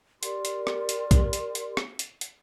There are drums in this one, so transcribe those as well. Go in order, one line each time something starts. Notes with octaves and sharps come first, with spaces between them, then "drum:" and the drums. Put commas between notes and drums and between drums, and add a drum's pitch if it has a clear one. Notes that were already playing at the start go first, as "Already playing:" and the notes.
G4 A#4 D5 C6, drum: hi-hat
drum: hi-hat
drum: rim click
drum: hi-hat
drum: kick, hi-hat
drum: hi-hat
drum: hi-hat
drum: rim click
drum: hi-hat
drum: hi-hat